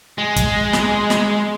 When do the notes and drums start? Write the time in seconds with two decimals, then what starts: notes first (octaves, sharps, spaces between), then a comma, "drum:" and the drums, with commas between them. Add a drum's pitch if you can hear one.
0.18 G#3
0.36 drum: kick, hi-hat
0.73 drum: snare
1.10 drum: snare